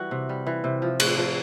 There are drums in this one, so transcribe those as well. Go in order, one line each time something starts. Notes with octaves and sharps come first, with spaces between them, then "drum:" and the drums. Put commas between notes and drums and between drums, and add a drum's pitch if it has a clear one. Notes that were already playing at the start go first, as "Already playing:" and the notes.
Already playing: E3 G3 F#4
C3
G3
E3
C3
F3
A2, drum: cymbal
F3